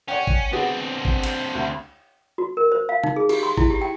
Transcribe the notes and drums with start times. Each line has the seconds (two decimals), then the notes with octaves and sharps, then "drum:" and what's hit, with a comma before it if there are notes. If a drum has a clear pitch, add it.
0.08 C#4 D5 F#5 G5
0.27 drum: kick G#1
0.52 B3 C4 D4 F#4 G#4
1.05 drum: kick G#1
1.23 drum: cymbal
1.55 D2
2.38 F#4
2.57 A#4
2.72 C5
2.89 F5
3.04 D#4, drum: tom
3.16 G#4
3.29 G4, drum: cymbal
3.43 C6
3.57 E4, drum: kick G#1
3.70 G4
3.81 G5